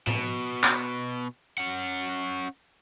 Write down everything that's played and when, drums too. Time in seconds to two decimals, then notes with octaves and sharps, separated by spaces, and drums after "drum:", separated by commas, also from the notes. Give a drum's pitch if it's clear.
0.07 B2, drum: tom A2
0.63 drum: clap
1.58 C#4 F#5